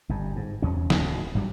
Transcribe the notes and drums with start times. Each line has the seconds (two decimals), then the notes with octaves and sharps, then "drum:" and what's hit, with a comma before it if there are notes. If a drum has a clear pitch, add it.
0.09 G1 G2
0.36 G#2
0.62 E2 C#4
0.90 D1 D2, drum: snare
1.35 G#1 G2 F#3 G3